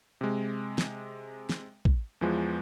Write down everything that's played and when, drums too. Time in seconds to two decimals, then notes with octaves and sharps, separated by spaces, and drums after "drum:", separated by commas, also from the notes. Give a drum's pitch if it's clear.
0.21 C3 G#3
0.78 drum: snare
1.50 drum: snare
1.85 drum: kick
2.21 E2 E3 F3 G#3